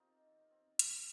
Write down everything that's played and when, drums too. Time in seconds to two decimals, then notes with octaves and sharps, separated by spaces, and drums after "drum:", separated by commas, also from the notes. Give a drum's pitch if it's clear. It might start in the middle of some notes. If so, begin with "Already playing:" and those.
Already playing: D#3 C4 D#4 F4 G4
0.26 D#3
0.51 C4
0.79 drum: hi-hat